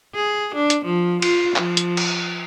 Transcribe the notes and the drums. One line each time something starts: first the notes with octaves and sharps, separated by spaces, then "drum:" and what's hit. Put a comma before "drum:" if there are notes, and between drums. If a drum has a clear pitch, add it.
G#4
D4
drum: hi-hat
F3
F4, drum: cymbal
F3, drum: clap
drum: hi-hat
drum: cymbal